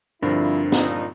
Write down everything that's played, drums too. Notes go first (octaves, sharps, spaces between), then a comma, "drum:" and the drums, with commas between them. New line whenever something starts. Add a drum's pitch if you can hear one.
G2 D3 F3 C4 D4 E4 A#4
A#2 F3 D#4, drum: snare